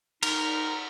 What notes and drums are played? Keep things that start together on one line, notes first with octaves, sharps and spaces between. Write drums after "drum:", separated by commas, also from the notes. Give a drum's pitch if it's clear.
D#4 A#4, drum: cymbal